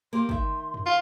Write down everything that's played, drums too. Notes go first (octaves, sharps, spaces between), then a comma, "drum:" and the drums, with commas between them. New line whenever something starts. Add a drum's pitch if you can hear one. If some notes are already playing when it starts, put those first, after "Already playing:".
A#3 G4 C6
D#3 E5, drum: kick
drum: tom F2
F4